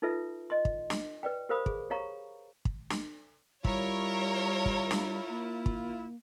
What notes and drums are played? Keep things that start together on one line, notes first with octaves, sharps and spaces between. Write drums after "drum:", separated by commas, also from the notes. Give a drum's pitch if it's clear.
D#4 F4 A4 B4 E5
D#5 C6
drum: kick
drum: snare
B4 D5 G5
G4 A#4 C5 F5 B5 D#6
G#4, drum: kick
G4 C#5 F5 A#5 C#6
drum: kick
drum: snare
G3 E4 F4 A#4 C#5, drum: kick
drum: kick
drum: snare
A#3
drum: kick